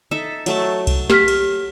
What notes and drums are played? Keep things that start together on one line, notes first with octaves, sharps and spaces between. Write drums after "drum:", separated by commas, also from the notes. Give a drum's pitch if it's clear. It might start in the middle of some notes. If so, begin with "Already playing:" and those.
D#4 A4 E5
F#3 A3 A5, drum: cymbal
drum: kick C2, cymbal
G4 F6 B6, drum: snare
drum: cymbal